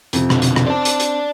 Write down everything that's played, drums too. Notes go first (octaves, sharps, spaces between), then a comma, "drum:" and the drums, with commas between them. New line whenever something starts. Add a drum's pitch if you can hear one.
F2 C3, drum: hi-hat
B2 D3, drum: rim click
drum: hi-hat
drum: rim click
C4 C5 D5 A5
drum: hi-hat
drum: hi-hat